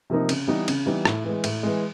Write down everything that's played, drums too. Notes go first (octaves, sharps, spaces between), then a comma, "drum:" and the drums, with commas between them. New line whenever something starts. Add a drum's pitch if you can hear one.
C3 F3 A#3 D#4
C#3, drum: cymbal
E3 G3 B3 D#4
C#3, drum: cymbal
E3 G3 B3 D#4
A2, drum: rim click
E3 G#3
A2, drum: cymbal
E3 G#3